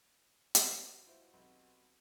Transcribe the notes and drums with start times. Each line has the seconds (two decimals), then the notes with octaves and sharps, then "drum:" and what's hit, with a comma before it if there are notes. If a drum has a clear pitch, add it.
0.55 drum: hi-hat
0.66 B2 A#4 C5
1.06 E4 F4 C5
1.33 B1 C3